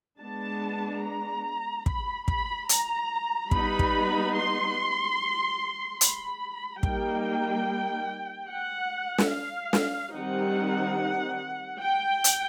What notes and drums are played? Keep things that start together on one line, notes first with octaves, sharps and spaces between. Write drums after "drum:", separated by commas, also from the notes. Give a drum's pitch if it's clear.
G#3 B3 D4 A5
A#5
B5, drum: kick
B5, drum: kick
A#5, drum: hi-hat
G3 B3 D#4 B5, drum: kick
drum: kick
C6
B5, drum: hi-hat
G3 A#3 D#4 G5, drum: kick
F#5
drum: snare
F5
drum: snare
D#3 G3 C4 D#4 F#5
G5
drum: hi-hat